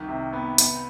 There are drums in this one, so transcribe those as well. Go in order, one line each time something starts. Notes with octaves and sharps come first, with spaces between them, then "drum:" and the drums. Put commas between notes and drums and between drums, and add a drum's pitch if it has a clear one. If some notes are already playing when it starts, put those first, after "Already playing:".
Already playing: C2 D#3
C3
B3
B3, drum: hi-hat